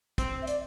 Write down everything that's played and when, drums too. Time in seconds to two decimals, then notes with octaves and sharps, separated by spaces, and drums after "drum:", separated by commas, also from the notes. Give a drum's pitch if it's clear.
0.18 C4, drum: kick, hi-hat
0.42 E5
0.47 D5, drum: hi-hat